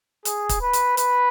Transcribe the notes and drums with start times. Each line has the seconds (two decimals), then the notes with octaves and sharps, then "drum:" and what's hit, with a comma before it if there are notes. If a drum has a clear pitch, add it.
0.25 G#4, drum: hi-hat
0.49 drum: kick, hi-hat
0.61 B4
0.73 drum: hi-hat
0.97 B4, drum: hi-hat